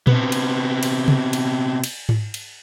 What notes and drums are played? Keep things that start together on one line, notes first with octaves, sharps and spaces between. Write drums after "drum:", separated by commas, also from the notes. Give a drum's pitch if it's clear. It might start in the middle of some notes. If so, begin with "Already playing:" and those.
C3 B3, drum: tom A#2
drum: cymbal
drum: cymbal
drum: tom C3
drum: cymbal
drum: cymbal
drum: tom G#2
drum: cymbal